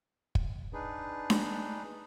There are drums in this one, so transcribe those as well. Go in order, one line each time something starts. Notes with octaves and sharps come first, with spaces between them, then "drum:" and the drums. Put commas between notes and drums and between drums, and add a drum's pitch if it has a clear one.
drum: kick
D4 D#4 G#4 B4
drum: snare D4